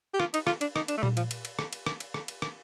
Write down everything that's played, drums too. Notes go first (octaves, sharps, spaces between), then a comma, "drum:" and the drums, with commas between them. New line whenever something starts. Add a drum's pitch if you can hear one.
G4
F4, drum: rim click
D#4, drum: cymbal
F4, drum: rim click
D4, drum: cymbal
D#4, drum: rim click
D4, drum: cymbal
A3
G3, drum: tom A#2
F3, drum: cymbal
drum: cymbal
drum: cymbal
drum: rim click
drum: cymbal
drum: rim click
drum: cymbal
drum: rim click
drum: cymbal
drum: rim click